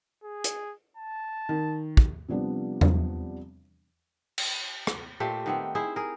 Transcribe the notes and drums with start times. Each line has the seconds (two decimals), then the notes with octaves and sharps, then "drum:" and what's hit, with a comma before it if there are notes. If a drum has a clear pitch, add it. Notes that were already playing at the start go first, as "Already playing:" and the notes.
0.24 G#4
0.44 drum: hi-hat
0.97 A5
1.49 D#3
1.97 drum: kick
2.28 C3 F3 G3 B3 D4
2.81 drum: tom E2
4.38 drum: cymbal
4.87 drum: rim click
5.20 A#2 A3 G4 C5
5.46 D#3 B3 C4
5.75 E4 G#4 C5
5.96 G#4 A#4